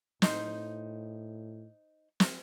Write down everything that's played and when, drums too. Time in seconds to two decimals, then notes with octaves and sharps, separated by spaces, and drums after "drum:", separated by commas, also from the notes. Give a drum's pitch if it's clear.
0.22 A2 D#4 C5, drum: snare
2.20 drum: snare